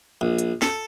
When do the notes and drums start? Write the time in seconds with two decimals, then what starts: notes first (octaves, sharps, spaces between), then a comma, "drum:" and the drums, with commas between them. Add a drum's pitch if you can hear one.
0.21 A#1
0.38 drum: hi-hat
0.62 A4, drum: snare